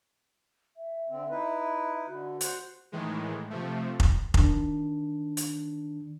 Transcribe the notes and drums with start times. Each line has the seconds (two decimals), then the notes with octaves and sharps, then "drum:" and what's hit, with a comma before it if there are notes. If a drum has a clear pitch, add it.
0.77 E5
1.09 D3 C4
1.30 D#4 E4 B4
2.07 D3 F#4
2.41 C5 F#5, drum: hi-hat
2.92 A2 D#3 E3 G#3
3.50 C3 F3 A3
4.00 drum: kick F1
4.34 D#3 D4, drum: kick F1
5.37 drum: hi-hat